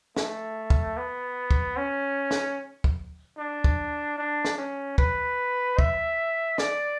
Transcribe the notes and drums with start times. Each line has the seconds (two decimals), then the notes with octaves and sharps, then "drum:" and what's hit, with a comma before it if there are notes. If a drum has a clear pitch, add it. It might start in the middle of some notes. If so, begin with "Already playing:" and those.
0.17 A3, drum: snare
0.70 drum: kick
0.97 B3
1.51 drum: kick
1.77 C#4
2.31 drum: snare
2.84 drum: kick
3.37 D4
3.64 drum: kick
4.18 D4
4.45 drum: snare
4.58 C#4
4.98 B4, drum: kick
5.79 E5, drum: kick
6.58 D5, drum: snare